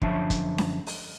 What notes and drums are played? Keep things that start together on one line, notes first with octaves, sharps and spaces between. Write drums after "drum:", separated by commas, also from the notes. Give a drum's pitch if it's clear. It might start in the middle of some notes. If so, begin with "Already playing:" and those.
F#2 D3 F3 C#4 E5 A5, drum: kick
drum: kick, hi-hat
drum: snare C#4
drum: open hi-hat